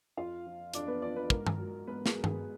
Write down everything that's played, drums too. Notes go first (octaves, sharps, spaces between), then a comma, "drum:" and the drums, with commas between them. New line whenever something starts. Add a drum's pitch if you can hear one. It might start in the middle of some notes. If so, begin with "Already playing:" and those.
F2 F4 F5
F3
F2 D4 D5, drum: hi-hat
B3 B4
F3 D4 D5
B3 B4
G#2 A#4, drum: kick
drum: tom G2
F#3
G#2 B3 B4
G#4, drum: snare
F#3
G#4, drum: tom G2